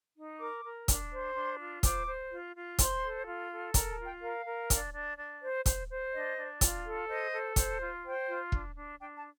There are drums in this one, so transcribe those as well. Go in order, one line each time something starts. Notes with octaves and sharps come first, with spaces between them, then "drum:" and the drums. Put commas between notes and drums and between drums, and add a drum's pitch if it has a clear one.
D#4
A#4 D6
A#4
D4, drum: kick, hi-hat
C5
D4 C6
F4
C5 D6, drum: kick, hi-hat
C5
F4
F4
C5 C6, drum: kick, hi-hat
A4
F4
A4
A#4 A#5, drum: kick, hi-hat
A5
F4
G5
A#4 F5
A#4
D4, drum: kick, hi-hat
D4
D4
C5
C5, drum: kick, hi-hat
C5
D4 D#5
D4
F4, drum: kick, hi-hat
A4
C5 D#5
A4
C5, drum: kick, hi-hat
F4
C5 G5
F4
D4, drum: kick
D4
D4 G5
A5